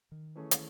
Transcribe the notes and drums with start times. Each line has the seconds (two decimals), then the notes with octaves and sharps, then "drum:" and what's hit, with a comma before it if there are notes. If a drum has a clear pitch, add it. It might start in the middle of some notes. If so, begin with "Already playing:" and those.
0.12 D#3
0.35 E3 A3 C#4 G#4
0.51 drum: hi-hat